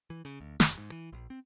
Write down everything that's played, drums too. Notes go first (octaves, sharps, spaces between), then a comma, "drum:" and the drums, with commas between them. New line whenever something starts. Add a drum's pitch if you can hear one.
E3
C#3
D2
F1, drum: snare
G#2
E3
A#1
C4